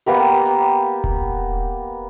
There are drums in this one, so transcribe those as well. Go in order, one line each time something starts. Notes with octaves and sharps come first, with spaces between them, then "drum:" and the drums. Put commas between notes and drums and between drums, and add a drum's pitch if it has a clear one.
A#3 B3 G4 A#4
drum: hi-hat
drum: kick D#1